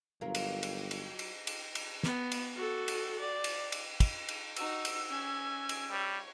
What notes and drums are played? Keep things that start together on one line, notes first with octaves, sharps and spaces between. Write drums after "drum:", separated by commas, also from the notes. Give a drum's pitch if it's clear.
G1 F#3 F4 A#4
drum: cymbal
drum: cymbal
drum: cymbal
drum: cymbal
drum: cymbal
drum: cymbal
B3, drum: snare
drum: cymbal
F#4 A4
drum: cymbal
D5
drum: cymbal
drum: cymbal
drum: kick, cymbal
drum: cymbal
D#4 F#4 E6, drum: cymbal
drum: cymbal
C#4 G#5
drum: cymbal
G3 C#5